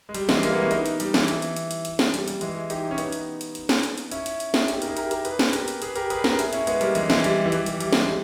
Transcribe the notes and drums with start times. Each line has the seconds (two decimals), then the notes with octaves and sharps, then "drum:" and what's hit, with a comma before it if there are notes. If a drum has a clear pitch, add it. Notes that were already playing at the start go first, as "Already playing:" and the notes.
0.09 G#3
0.15 G3, drum: hi-hat
0.29 E3 G#3, drum: snare
0.43 G3 A#3, drum: hi-hat
0.53 G#3 B3
0.61 C#4 E4
0.71 B3 D#4, drum: hi-hat
0.86 drum: hi-hat
1.00 G3, drum: hi-hat
1.14 E3, drum: snare
1.28 drum: hi-hat
1.42 drum: hi-hat
1.56 drum: hi-hat
1.71 drum: hi-hat
1.85 drum: hi-hat
1.99 drum: snare
2.14 G3, drum: hi-hat
2.28 G3, drum: hi-hat
2.41 E3 G#3, drum: hi-hat
2.70 D#4 G4, drum: hi-hat
2.91 C#4
2.98 B3 D#4, drum: hi-hat
3.12 drum: hi-hat
3.41 drum: hi-hat
3.55 drum: hi-hat
3.69 drum: snare
3.83 drum: hi-hat
3.98 drum: hi-hat
4.11 C#4 E4, drum: hi-hat
4.26 drum: hi-hat
4.40 drum: hi-hat
4.54 E4 G#4, drum: snare
4.68 D#4 G4, drum: hi-hat
4.82 A#4, drum: hi-hat
4.88 E4 G#4
4.97 G4 A#4, drum: hi-hat
5.11 G4 A#4, drum: hi-hat
5.25 G#4 B4, drum: hi-hat
5.39 drum: snare
5.53 G4 A#4, drum: hi-hat
5.68 drum: hi-hat
5.82 G#4 B4, drum: hi-hat
5.96 G4 A#4, drum: hi-hat
6.10 G#4 B4, drum: hi-hat
6.21 B4
6.24 G4 A#4, drum: snare
6.39 E4 G#4, drum: hi-hat
6.53 C#4 E4, drum: hi-hat
6.67 G#3 B3, drum: hi-hat
6.81 G3 A#3, drum: hi-hat
6.95 E3 G#3, drum: hi-hat
7.10 E3, drum: snare
7.24 G3, drum: hi-hat
7.46 E3
7.52 G3, drum: hi-hat
7.66 E3, drum: hi-hat
7.80 G3, drum: hi-hat
7.93 G#3, drum: snare
8.05 G3